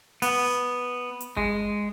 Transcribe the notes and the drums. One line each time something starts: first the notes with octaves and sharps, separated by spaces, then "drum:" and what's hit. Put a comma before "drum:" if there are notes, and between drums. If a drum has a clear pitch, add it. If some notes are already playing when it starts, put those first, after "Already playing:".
B3, drum: open hi-hat
drum: hi-hat
G#3, drum: kick G1